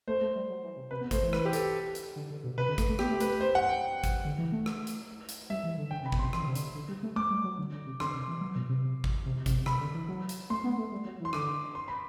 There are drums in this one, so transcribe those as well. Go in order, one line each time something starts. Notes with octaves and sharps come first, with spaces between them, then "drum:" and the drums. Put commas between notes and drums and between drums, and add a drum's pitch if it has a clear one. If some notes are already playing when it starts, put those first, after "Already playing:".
A3 C5
A3
G3
F#3
E3
C3
C3 B4
B3
A3 C5, drum: kick, hi-hat
E3
B4, drum: rim click
G4
A4, drum: hi-hat
drum: hi-hat
D3
D3
B2
C3 B4
D3
A3, drum: kick, hi-hat
A3
B3 G4, drum: rim click
A3
A3 B4, drum: hi-hat
C5
F#5
G5
drum: kick, hi-hat
D3
E3
A3
drum: rim click
drum: hi-hat
drum: hi-hat
G3 E5
E3
D3
D3 G5
C3
B5
B2, drum: kick
C6
C3
E3 C6, drum: rim click
D3
C3
D3, drum: hi-hat
D3
G3
A3
A3 D6
G3
F#3
D3
D3
C3
D3 C6, drum: rim click
C3
E3
F#3
B2
C3
drum: kick
C3
C3, drum: kick, hi-hat
C3 B5, drum: rim click
D3
E3
F#3
drum: hi-hat
A3 C6
B3
A3
G3
F#3
E3
C6
D3 D6, drum: rim click
C6
B5